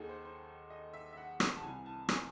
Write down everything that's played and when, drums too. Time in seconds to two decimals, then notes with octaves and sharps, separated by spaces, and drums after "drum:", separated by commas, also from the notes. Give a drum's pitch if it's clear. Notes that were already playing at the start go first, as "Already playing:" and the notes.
Already playing: D#2 D#3 F#4 G#4 A4
0.09 C5
0.25 C5
0.70 D#5
0.93 E5
1.12 E5
1.17 F#5
1.40 drum: rim click
1.56 A5
1.62 C2 C3 E3 G#5
1.86 A5
2.09 G#5, drum: rim click